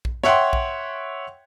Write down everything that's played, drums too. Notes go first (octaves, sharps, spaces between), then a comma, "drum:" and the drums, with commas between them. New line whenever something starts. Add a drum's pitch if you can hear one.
drum: kick A#1
C#5 E5 F#5 G5 C6, drum: snare
drum: kick A#1